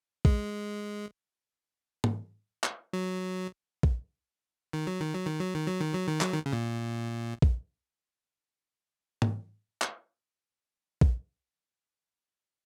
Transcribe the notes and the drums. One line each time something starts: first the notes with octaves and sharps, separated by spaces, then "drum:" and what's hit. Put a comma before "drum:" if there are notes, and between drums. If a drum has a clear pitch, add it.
G#3, drum: kick A#1
drum: tom G#2
drum: clap
F#3
drum: kick A#1
D#3
F#3
D#3
F#3
D#3
F#3
D#3
F#3
D#3
F#3
D#3
F#3, drum: clap
D#3
C#3
A#2
drum: kick A#1
drum: tom G#2
drum: clap
drum: kick A#1